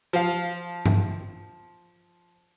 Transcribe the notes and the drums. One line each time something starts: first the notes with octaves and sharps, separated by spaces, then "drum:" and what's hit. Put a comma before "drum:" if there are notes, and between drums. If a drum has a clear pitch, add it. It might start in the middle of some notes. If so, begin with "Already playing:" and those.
F3 F5
drum: tom G2